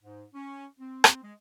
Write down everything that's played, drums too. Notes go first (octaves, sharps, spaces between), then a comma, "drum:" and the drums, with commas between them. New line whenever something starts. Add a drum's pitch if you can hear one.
G#2
C#4
C4
drum: rim click
G#3